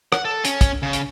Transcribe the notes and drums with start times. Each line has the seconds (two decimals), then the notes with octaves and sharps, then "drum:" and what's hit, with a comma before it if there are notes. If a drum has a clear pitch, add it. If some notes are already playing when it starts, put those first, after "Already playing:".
0.12 F#5, drum: rim click
0.25 A4
0.45 C#4, drum: hi-hat
0.61 drum: kick, hi-hat
0.83 C#3
0.93 drum: hi-hat